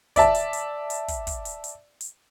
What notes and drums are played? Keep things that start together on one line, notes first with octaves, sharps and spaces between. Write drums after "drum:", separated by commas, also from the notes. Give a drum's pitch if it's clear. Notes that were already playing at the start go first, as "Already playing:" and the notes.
D5 E5 A5, drum: kick, hi-hat
drum: hi-hat
drum: hi-hat
drum: hi-hat
drum: kick, hi-hat
drum: kick, hi-hat
drum: hi-hat
drum: hi-hat
drum: hi-hat